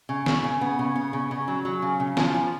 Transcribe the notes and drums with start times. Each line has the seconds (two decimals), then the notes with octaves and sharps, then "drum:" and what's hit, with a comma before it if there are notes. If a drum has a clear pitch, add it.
0.09 C#3
0.26 C#3, drum: snare
0.44 C#3
0.61 B3
0.79 C#3
0.96 B3
1.13 C#3
1.31 C#3
1.48 F#3
1.65 F#3
1.82 C#3
2.00 C#3
2.17 F3, drum: snare
2.34 F3